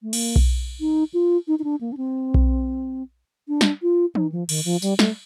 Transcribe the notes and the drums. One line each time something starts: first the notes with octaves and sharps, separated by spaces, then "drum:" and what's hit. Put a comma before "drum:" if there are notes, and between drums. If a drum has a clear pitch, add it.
A3
A#3, drum: cymbal
drum: kick B1
D#4
F4
D#4
D#4
D4
A#3
D4
C4
drum: kick B1
D4
drum: snare
F4
D#4, drum: tom
F3
D#3, drum: cymbal
F3
G3, drum: tambourine
A3, drum: snare